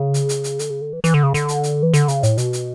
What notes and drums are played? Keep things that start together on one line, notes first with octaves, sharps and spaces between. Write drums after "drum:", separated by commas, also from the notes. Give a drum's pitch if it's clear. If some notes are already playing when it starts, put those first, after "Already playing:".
Already playing: C#3
drum: hi-hat
drum: hi-hat
drum: hi-hat
D3, drum: hi-hat
C#3
D3
E3
E3, drum: hi-hat
D3
C#3
D3, drum: hi-hat
drum: hi-hat
drum: hi-hat
E3
D3, drum: hi-hat
C#3, drum: hi-hat
A2, drum: hi-hat
B2, drum: hi-hat
drum: hi-hat